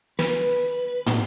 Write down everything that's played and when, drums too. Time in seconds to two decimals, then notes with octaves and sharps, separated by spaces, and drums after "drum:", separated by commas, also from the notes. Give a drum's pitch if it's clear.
0.19 B4, drum: snare
1.06 drum: tom